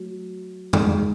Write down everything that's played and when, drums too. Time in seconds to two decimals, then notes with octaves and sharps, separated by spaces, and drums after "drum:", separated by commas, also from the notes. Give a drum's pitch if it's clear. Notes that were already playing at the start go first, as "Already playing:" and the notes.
Already playing: F#3 A3
0.73 G#3 D#4 G#4, drum: tom F2